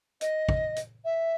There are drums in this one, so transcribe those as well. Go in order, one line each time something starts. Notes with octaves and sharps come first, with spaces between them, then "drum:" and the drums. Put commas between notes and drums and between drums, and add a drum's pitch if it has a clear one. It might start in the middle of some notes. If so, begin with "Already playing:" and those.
D#5, drum: hi-hat
drum: kick
drum: hi-hat
E5